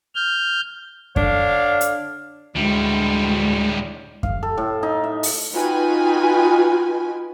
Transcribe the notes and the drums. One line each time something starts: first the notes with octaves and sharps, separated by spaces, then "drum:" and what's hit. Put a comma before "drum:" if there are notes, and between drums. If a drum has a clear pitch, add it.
F6 G6
D3 D4 C#5 F5, drum: kick F#2
drum: hi-hat
D2 A2 G3 G#3
F5, drum: kick F#2
A4
A2
D#4
E5
drum: open hi-hat
D#4 F4 F#4 B4 G5 G#5